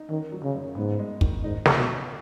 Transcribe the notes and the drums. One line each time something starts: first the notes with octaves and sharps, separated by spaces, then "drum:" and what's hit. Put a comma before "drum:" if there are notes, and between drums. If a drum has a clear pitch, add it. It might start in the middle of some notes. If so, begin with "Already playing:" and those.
Already playing: D#4
D#3 C#4
F#3
C#3
F#2
G#2 B3
G#3
D#3, drum: kick
G#2 D#4
F#3, drum: snare
B2
F#4